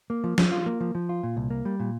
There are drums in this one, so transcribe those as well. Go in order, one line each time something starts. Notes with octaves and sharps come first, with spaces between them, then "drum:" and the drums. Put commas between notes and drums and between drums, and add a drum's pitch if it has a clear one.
A#3
F3
F3, drum: snare
F4
A#3
F3
F3
F4
A#2
C2
A#3
G3
A#2